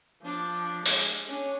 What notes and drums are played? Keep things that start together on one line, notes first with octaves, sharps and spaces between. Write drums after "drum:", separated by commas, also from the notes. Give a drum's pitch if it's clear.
F3 D4
G#3, drum: open hi-hat
C#4 D4